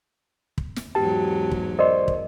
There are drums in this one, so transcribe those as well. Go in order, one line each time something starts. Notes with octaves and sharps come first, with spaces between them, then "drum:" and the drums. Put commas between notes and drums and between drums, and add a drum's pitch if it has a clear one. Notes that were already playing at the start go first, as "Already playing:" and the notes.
drum: kick
drum: snare
E2 G#2 F#3 G4 A5
drum: kick
A#4 C5 D5 D#5 C6
drum: kick